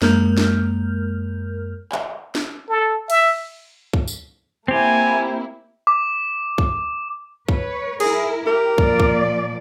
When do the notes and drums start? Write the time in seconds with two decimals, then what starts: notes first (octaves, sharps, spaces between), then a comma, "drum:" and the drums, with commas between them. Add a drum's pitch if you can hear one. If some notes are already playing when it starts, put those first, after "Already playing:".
0.02 F#2 G#3 A#3 A#4 F6 G6, drum: snare
0.37 drum: snare
1.92 drum: clap
2.35 drum: snare
2.69 A4
3.10 E5, drum: cymbal
3.93 drum: kick
4.08 drum: tambourine
4.68 A#3 C4 E4 G4 G#5
5.87 D6
6.58 drum: kick
7.49 B4 C#5, drum: kick
8.00 E4 G#4 A#4, drum: cymbal
8.46 G4 A#4
8.78 A#2 F3 D5, drum: kick
9.00 drum: kick